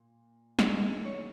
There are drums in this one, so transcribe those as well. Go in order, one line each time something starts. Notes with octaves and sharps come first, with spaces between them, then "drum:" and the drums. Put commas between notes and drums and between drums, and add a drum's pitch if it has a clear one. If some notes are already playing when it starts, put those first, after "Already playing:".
Already playing: A#2
D#3 F#3 A#3 D#4 G#4, drum: snare
C#5